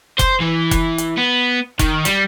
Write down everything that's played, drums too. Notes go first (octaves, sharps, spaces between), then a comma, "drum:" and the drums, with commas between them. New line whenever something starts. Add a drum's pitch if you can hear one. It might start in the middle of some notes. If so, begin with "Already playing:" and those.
C5, drum: kick F1, hi-hat
E3
drum: kick F1, hi-hat
drum: hi-hat
B3
D#3, drum: kick F1, hi-hat
G3, drum: hi-hat